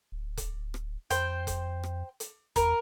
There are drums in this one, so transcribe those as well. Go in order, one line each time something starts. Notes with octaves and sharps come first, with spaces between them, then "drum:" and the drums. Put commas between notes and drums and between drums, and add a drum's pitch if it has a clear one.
D1
drum: kick F1, hi-hat
drum: rim click
F2 C5 G5, drum: hi-hat
drum: kick F1, hi-hat
drum: rim click
drum: hi-hat
E2 A#4, drum: kick F1, hi-hat